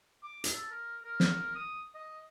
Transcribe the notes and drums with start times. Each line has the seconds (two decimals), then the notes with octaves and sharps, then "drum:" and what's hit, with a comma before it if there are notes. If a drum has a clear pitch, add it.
0.23 D6
0.44 drum: hi-hat
0.53 A4
0.71 A#4
1.03 A#4
1.20 drum: snare
1.56 D#6
1.95 D#5